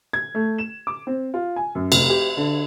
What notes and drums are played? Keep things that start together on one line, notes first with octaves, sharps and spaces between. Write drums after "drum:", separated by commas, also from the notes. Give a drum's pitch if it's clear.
G#6
A3
E7
D6
C4
F4
G#5
F#2
F1, drum: cymbal
G4
D3